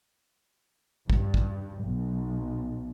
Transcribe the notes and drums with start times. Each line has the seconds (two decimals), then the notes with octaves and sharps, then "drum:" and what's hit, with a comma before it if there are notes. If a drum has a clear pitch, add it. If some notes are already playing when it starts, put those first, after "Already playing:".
1.10 G2, drum: kick
1.34 drum: kick
1.84 B1